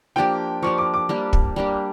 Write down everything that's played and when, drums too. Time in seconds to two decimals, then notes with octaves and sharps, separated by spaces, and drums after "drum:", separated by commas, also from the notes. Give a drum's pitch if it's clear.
0.16 F3 A#3 D4 G4 G5
0.63 F3 A#3 D4 G4 C#6
0.78 D6
0.94 D6
1.09 G3 A#3 D4 G4
1.33 drum: kick
1.56 G3 A#3 D4 G4